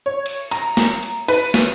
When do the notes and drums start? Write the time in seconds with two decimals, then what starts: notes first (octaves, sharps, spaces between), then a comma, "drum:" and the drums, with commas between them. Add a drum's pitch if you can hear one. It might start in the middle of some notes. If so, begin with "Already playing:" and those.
0.06 C#5
0.26 drum: cymbal
0.51 A#5, drum: cymbal
0.77 drum: snare
1.03 drum: cymbal
1.28 B4, drum: cymbal
1.54 drum: snare